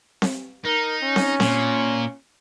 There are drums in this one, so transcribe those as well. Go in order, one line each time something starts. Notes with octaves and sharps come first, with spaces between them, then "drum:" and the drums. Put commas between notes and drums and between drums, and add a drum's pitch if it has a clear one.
drum: snare C4
D#4 A#4
C#4
drum: snare C4
A#2, drum: snare C4